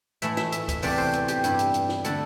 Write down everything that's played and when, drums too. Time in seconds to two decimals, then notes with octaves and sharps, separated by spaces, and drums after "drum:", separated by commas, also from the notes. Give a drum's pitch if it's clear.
0.22 A2 E3 A3 E4 E5, drum: hi-hat
0.37 E5, drum: snare
0.52 E5, drum: hi-hat
0.69 E5, drum: kick, hi-hat
0.82 E2 C3 E3 A3 C4 D5, drum: open hi-hat
0.98 C5
1.13 drum: hi-hat
1.28 G4, drum: hi-hat
1.44 G2 G3 E4, drum: hi-hat
1.59 drum: hi-hat
1.74 drum: hi-hat
1.89 drum: snare
2.04 D3 A3 E4 A4, drum: hi-hat